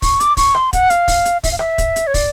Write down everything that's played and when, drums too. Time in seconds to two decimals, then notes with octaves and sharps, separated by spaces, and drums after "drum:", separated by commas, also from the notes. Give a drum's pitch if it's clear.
0.02 C#6, drum: kick, open hi-hat
0.20 D6, drum: hi-hat
0.37 C#6, drum: kick, open hi-hat
0.55 C6, drum: rim click
0.73 F#5, drum: kick, hi-hat
0.90 F5, drum: hi-hat
1.08 drum: kick, open hi-hat
1.25 drum: hi-hat
1.44 E5, drum: kick, open hi-hat
1.52 F5
1.59 E5, drum: rim click
1.78 drum: kick, hi-hat
1.96 drum: hi-hat
2.07 C#5
2.14 D5, drum: kick, open hi-hat